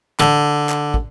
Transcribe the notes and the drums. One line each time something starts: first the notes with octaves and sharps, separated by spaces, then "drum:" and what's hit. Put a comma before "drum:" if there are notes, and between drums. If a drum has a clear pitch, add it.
D3, drum: clap
drum: clap
drum: kick